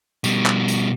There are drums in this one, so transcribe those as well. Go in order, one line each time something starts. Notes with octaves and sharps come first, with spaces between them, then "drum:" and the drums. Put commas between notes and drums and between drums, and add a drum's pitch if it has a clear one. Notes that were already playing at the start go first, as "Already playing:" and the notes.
B2 G3, drum: tambourine
drum: clap
drum: tambourine